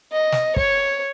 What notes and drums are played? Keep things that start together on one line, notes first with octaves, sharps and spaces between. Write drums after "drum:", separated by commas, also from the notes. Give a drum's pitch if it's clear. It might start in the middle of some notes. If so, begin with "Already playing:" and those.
D#5
drum: snare
C#5, drum: kick